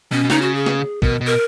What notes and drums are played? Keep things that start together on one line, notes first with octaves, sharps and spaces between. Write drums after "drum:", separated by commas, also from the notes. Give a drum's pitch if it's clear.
B2 C#4
B2
C#3 D#4, drum: snare
F#4
G#4
drum: snare
B2 A#4, drum: kick
B2
A#4